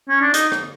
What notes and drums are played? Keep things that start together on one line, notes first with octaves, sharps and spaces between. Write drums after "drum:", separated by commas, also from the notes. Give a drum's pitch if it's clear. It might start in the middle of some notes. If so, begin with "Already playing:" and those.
C#4
D4
D#4, drum: hi-hat
drum: rim click